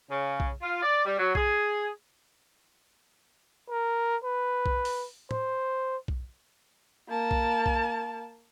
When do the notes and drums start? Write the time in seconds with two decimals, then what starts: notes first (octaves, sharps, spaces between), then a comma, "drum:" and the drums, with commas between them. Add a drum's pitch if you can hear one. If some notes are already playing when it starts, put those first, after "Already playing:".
0.10 C#3
0.40 drum: kick B1
0.62 F4
0.83 D5
1.06 G3
1.18 F#3
1.35 G#4, drum: kick B1
3.69 A#4
4.24 B4
4.66 drum: kick B1
4.85 drum: open hi-hat
5.31 C5, drum: tom
6.08 drum: kick B1
7.09 A#3 A5
7.31 drum: kick B1
7.66 drum: kick B1